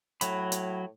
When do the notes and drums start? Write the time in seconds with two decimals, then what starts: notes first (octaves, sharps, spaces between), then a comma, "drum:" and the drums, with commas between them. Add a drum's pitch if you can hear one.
0.21 A2 F#3 B5, drum: hi-hat
0.52 drum: hi-hat